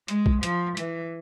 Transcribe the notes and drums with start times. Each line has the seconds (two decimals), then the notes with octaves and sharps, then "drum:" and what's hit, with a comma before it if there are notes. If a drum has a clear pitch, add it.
0.08 G#3, drum: hi-hat
0.26 drum: kick
0.43 F3, drum: hi-hat
0.77 E3, drum: hi-hat